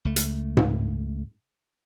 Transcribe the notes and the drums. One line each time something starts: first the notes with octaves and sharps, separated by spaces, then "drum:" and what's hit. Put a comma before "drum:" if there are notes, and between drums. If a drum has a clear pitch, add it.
C#2 A3
drum: hi-hat
drum: tom G#2